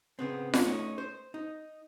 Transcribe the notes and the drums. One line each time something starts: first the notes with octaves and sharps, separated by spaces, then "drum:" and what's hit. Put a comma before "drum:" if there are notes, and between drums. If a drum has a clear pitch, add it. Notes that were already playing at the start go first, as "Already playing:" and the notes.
C#3 B3 C4
drum: snare F4
A3 C#4 D#4
C5
D#4